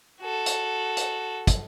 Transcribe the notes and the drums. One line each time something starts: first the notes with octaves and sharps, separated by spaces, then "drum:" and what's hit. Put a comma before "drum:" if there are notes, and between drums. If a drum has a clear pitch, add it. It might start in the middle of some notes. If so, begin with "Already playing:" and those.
F#4 A4
drum: hi-hat
drum: hi-hat
drum: kick, hi-hat